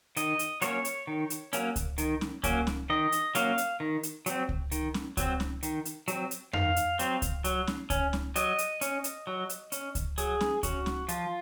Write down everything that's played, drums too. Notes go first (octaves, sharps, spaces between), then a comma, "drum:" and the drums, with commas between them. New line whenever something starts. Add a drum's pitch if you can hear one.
D#3 D#5, drum: hi-hat
drum: hi-hat
F#3 A#3 C#4 C#5, drum: hi-hat
drum: hi-hat
D#3
drum: hi-hat
F#3 A#3 C#4, drum: hi-hat
drum: kick C#2, hi-hat
D#3, drum: hi-hat
drum: snare C#4
F#3 A#3 C#4, drum: kick C#2, hi-hat
drum: snare C#4
D#3 D#5
drum: hi-hat
F#3 A#3 C#4 F5, drum: hi-hat
drum: hi-hat
D#3
drum: hi-hat
F#3 C4, drum: hi-hat
drum: kick C#2
D#3, drum: hi-hat
drum: snare C#4
F#3 C4, drum: kick C#2, hi-hat
drum: snare C#4
D#3, drum: hi-hat
drum: hi-hat
F#3 C4, drum: hi-hat
drum: hi-hat
D#3 F5, drum: tom F2
drum: hi-hat
F#3 C4, drum: hi-hat
drum: kick C#2, hi-hat
F#3, drum: hi-hat
drum: snare C#4
C#4, drum: kick C#2, hi-hat
drum: snare C#4
F#3 D#5, drum: hi-hat
drum: hi-hat
C#4, drum: hi-hat
drum: hi-hat
F#3
drum: hi-hat
C#4, drum: hi-hat
drum: kick C#2, hi-hat
F#3 G#4, drum: hi-hat
drum: snare C#4
C#4 F#4, drum: kick C#2, hi-hat
drum: snare C#4
F3 F4, drum: hi-hat